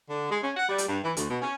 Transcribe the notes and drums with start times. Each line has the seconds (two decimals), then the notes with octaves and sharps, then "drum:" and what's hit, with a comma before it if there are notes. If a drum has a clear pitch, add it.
0.09 D3
0.31 G#3
0.44 C#4
0.57 F#5
0.69 G3
0.78 drum: hi-hat
0.87 G2
1.04 E3
1.17 D2, drum: hi-hat
1.29 B2
1.42 C#4